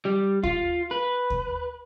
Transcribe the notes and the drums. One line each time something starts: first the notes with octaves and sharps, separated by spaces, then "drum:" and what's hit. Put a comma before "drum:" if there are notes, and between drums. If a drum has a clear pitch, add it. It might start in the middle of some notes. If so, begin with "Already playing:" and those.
G3
F4, drum: kick D#2
B4
drum: kick D#2